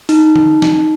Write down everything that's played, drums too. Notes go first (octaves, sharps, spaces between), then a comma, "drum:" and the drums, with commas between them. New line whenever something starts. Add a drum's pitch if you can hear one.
D#4, drum: open hi-hat
drum: tom D3
drum: snare